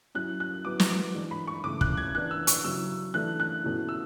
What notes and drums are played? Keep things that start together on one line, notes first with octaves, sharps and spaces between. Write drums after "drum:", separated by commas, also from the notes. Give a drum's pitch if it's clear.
F#3 C#4 E4 F#6
F#6
F#3 B3 E4 D6
drum: snare
D6
E3 G#3 D4
B5
C#6
C#3 E3 A3 D6
F#6, drum: kick
G#6
E3 B3 D4 F#6
E6
C#6, drum: hi-hat
C#3 F#3 C#4 E4 E6
E3 A3 D4 F#6
F#6
B2 A3 C#4 E4
E6